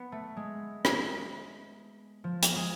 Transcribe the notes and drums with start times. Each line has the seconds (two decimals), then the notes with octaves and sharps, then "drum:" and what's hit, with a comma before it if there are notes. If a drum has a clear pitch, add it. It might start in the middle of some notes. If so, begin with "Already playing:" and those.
Already playing: B3
0.12 A3
0.37 G#3
0.85 drum: rim click
2.24 F3
2.42 drum: hi-hat
2.55 G#3